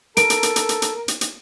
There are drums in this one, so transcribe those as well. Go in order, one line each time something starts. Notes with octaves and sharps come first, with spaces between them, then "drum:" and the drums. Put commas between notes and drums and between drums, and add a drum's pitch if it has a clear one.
A4 A#4 D7, drum: hi-hat
drum: hi-hat
drum: hi-hat
drum: hi-hat
drum: hi-hat
drum: hi-hat
drum: hi-hat
drum: hi-hat